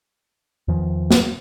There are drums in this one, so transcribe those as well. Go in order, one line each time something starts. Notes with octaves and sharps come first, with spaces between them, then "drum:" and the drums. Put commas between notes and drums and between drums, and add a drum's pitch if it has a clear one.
E2 D#3 F3
drum: snare